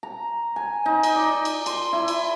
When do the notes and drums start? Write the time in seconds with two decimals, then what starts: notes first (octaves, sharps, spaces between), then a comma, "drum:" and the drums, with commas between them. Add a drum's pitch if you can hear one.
0.03 A#5
0.56 G#5
0.86 D#4
1.03 drum: cymbal
1.16 D5
1.45 drum: cymbal
1.66 C6, drum: cymbal
1.93 E4
2.08 drum: cymbal